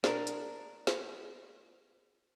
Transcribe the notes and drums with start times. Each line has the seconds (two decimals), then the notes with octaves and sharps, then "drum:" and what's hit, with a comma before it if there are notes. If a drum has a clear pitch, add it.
0.04 D4 A#4, drum: snare
0.27 drum: hi-hat
0.87 drum: snare